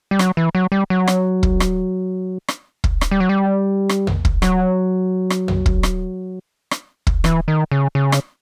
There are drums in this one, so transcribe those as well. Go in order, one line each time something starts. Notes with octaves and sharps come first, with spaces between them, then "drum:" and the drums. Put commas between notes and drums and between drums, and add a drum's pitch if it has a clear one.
G3
F#3, drum: rim click
E3
F#3
G3
F#3
drum: rim click
drum: kick
drum: rim click
drum: rim click
drum: kick
drum: rim click
G3
F#3
G3
drum: rim click
drum: tom
drum: kick
F#3, drum: rim click
drum: rim click
drum: tom
drum: kick
drum: rim click
drum: rim click
drum: kick
E3, drum: rim click
D#3
C#3
C#3
drum: rim click